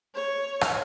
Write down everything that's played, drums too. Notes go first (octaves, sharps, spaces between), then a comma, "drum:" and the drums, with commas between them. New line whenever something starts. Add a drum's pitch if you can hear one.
C#5
drum: rim click